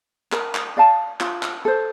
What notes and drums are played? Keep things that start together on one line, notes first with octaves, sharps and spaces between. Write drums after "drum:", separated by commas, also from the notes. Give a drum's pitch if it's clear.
A#4, drum: clap
drum: clap
D5 F5 A5
F4, drum: clap
drum: clap
A4 C5